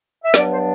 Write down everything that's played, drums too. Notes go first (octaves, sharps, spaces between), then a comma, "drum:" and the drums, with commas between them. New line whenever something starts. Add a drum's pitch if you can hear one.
E5
G2 F#3 B3 D4 D5, drum: snare
C5